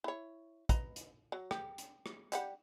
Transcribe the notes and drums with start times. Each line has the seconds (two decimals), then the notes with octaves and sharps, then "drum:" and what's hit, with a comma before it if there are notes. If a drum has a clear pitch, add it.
0.04 E4 C#5
0.69 B4 D#5 A#5, drum: kick, hi-hat
0.96 drum: hi-hat
1.32 F#3
1.51 G4, drum: rim click
1.78 drum: hi-hat
2.06 drum: rim click
2.32 G3 G4 F#5, drum: hi-hat